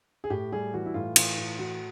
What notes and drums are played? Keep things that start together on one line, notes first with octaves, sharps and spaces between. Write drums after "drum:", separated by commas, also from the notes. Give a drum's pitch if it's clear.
G#4
A2 G4
G3 G#4
E3 F#4
E4
A2 F4
E3 F4, drum: cymbal
A2
E3 F#4